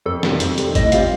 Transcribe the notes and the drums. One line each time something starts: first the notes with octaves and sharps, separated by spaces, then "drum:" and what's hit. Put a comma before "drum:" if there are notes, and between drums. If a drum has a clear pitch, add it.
F2 A4
C3 D#3 G3, drum: snare
F2, drum: hi-hat
C3 D#3 G3, drum: hi-hat
A2 D#5, drum: kick G1, hi-hat
G3 C4 F4 F5, drum: hi-hat